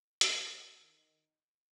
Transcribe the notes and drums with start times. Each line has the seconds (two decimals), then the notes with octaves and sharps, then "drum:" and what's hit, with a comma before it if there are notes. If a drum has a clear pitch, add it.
0.21 drum: hi-hat
0.79 D#3